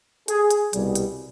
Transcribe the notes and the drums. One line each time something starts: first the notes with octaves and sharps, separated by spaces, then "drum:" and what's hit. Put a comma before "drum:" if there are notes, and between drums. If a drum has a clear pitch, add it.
G#4, drum: hi-hat
drum: hi-hat
C2 B2 G3, drum: hi-hat
drum: hi-hat